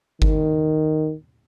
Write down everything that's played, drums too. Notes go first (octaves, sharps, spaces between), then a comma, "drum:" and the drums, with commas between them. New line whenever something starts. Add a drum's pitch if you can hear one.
D#3, drum: kick G1